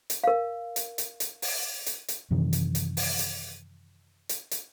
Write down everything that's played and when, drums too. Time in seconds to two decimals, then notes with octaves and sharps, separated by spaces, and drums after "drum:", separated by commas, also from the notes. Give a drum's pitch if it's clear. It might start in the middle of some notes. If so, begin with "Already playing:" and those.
0.10 drum: hi-hat
0.24 A#4 F5
0.76 drum: hi-hat
0.98 drum: hi-hat
1.20 drum: hi-hat
1.42 drum: open hi-hat
1.86 drum: hi-hat
2.08 drum: hi-hat
2.31 F#2 C3 D#3 E3
2.53 drum: hi-hat
2.75 drum: hi-hat
2.97 drum: open hi-hat
3.19 drum: hi-hat
4.29 drum: hi-hat
4.51 drum: hi-hat